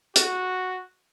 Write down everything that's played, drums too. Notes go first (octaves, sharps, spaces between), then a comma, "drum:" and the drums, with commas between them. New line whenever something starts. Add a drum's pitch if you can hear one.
F#4, drum: hi-hat